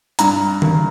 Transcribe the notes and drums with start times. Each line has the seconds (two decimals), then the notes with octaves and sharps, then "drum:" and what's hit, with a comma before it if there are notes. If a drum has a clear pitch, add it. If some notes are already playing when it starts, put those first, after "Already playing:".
0.19 G2 A#5, drum: hi-hat
0.62 drum: tom D3